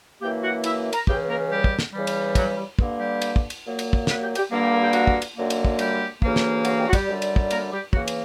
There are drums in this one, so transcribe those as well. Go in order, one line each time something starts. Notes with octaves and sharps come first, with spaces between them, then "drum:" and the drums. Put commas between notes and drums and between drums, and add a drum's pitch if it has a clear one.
F#2 E3 A#3 G4 G5
F#4 F#5
E4 E5, drum: cymbal
A#4 A#5, drum: cymbal
C#2 C#3 E3 G4 G5, drum: kick
A#3 A#4
G3 G4
drum: kick
drum: snare
E2 C#3 E3 G3
drum: cymbal
F#3 F#4, drum: kick, cymbal
G3 G4
G2 D3 A#3, drum: kick
G3 G4
drum: cymbal
drum: kick
drum: cymbal
A#2 F#3 A#3
drum: cymbal
drum: kick
B3 B4, drum: snare
G4 G5
G4 G5, drum: cymbal
G2 D3 G3 A#3
G4 G5
A#4 A#5
G4 G5
F#4 F#5, drum: cymbal
drum: kick
drum: cymbal
F#2 D3 A#3
drum: cymbal
drum: kick
G3 G4, drum: cymbal
D2 C#3 E3 A#3, drum: kick
drum: snare
F#3 F#4, drum: cymbal
G3 G4
F#4
G3 G4, drum: kick, cymbal
F#2 D3 G3
drum: cymbal
drum: kick
A#3 A#4, drum: cymbal
G3 G4
E2 C#3 E3 F#3 A#3 F#4, drum: kick
drum: cymbal